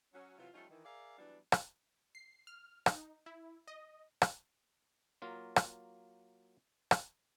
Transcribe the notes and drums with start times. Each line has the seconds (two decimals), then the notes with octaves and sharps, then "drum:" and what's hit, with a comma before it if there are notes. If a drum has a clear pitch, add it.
0.14 F#3 C#4
0.38 C3 E3 F#3 F4
0.54 F3 G3 A3 C#4 D#4 F4
0.70 D#3 E3
0.85 G#4 A#4 D5 E5 F5
1.19 E3 F#3 G3 B3 D4
1.52 drum: rim click
2.15 C7
2.47 F6
2.86 D#4, drum: rim click
3.26 E4
3.68 D#5
4.22 drum: rim click
5.22 F#3 A#3 F4
5.56 drum: rim click
6.91 drum: rim click